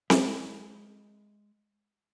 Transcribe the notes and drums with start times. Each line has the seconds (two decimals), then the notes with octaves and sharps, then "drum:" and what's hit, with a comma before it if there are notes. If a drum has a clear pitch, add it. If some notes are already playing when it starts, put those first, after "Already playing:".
0.10 G#3 E5, drum: snare C4